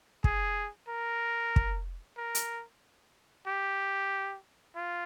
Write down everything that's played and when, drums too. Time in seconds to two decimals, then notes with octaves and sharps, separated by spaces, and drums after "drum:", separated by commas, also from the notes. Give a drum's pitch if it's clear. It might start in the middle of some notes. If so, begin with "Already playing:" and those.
0.24 G#4, drum: kick
0.88 A#4
1.56 drum: kick
2.17 A#4
2.35 drum: hi-hat
3.47 G4
4.75 F4